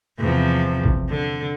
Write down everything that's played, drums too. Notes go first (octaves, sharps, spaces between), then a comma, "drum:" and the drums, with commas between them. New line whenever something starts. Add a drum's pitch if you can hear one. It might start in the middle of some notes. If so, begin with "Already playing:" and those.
E2 C3 F3
drum: kick
D3